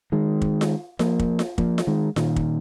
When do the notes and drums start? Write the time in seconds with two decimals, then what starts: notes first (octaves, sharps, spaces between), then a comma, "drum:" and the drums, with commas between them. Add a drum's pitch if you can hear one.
0.12 D#3 G#3
0.42 drum: kick
0.61 drum: snare F4
0.99 F3 A#3, drum: snare F4
1.19 drum: kick
1.39 drum: snare F4
1.58 F3 A#3, drum: kick
1.78 drum: snare F4
1.87 D#3 G#3
2.16 A#2 D#3, drum: snare F4
2.36 drum: kick